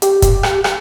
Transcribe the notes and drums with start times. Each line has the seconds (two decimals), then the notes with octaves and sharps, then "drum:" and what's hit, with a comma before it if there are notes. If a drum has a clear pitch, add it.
0.02 G4, drum: hi-hat
0.22 drum: kick, hi-hat
0.43 drum: rim click
0.64 drum: rim click